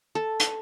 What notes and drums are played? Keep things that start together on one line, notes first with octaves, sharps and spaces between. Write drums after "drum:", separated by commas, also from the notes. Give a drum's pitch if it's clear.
A4
drum: hi-hat